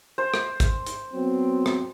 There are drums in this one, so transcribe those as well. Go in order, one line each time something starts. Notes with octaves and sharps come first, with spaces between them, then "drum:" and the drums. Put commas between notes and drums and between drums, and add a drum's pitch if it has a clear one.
C5
drum: rim click
drum: kick A1, hi-hat
drum: hi-hat
F#3 B3 C4
drum: rim click